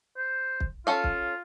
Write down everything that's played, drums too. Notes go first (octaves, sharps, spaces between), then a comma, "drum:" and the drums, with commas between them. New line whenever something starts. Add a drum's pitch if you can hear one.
C5
drum: kick
C#4 F4 A4 F5
drum: kick